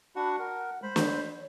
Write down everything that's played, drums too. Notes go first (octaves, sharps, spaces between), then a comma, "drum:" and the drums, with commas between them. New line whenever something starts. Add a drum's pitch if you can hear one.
D4 F#4 F#5 B5
A#4 F#5
G#3 C5 B5
drum: snare
C#5